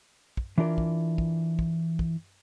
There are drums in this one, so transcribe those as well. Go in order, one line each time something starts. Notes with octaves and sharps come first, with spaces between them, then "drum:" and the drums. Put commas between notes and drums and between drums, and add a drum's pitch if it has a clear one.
drum: kick
E3 D4 F4 A#4 D5
drum: kick
drum: kick
drum: kick
drum: kick